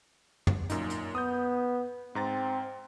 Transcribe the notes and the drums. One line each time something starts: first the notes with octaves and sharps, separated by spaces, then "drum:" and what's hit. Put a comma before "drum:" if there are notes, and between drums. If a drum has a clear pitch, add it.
drum: tom
F#2 A#2 D#4, drum: hi-hat
drum: hi-hat
B3 D#6 G6
G#2 C4 A#5 A6